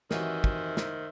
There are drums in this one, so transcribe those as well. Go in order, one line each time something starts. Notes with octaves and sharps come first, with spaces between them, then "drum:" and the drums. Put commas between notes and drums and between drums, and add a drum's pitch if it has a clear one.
C3 D#3 E3 F#3 C5 E5, drum: snare
drum: kick
drum: snare